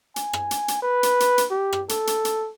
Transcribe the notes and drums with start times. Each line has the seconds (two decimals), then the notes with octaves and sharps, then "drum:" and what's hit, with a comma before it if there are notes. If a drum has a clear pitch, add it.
0.16 G#5, drum: hi-hat
0.33 drum: rim click
0.51 drum: hi-hat
0.68 drum: hi-hat
0.82 B4
1.03 drum: hi-hat
1.20 drum: hi-hat
1.38 drum: hi-hat
1.51 G4
1.73 drum: rim click
1.89 A4, drum: hi-hat
2.07 drum: hi-hat
2.25 drum: hi-hat